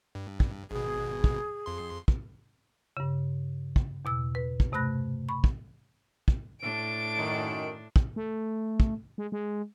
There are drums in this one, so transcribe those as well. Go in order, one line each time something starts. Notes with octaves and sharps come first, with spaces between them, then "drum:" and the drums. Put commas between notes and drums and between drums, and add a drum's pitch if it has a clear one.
G2
drum: kick
G#1 B2 G#4
drum: kick
F2 C6
drum: kick
G2 C#3
drum: kick
E2 B2 E6
B4
drum: kick
G2 C3 A3 B5 F#6 A#6
B5 C#6
drum: kick
drum: kick
A2 D4 D7
F#2 D#3
drum: kick
A3
drum: kick
G#3
G#3